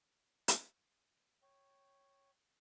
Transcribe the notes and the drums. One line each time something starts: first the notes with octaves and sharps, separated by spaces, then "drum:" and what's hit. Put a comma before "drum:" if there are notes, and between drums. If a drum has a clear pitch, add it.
drum: hi-hat
C#5 G5